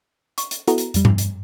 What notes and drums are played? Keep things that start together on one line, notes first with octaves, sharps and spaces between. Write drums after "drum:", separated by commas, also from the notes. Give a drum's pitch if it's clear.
C#6, drum: hi-hat
drum: hi-hat
B3 E4 F#4 A4 A#5, drum: hi-hat
drum: hi-hat
F2 G3, drum: hi-hat
drum: tom G2
drum: hi-hat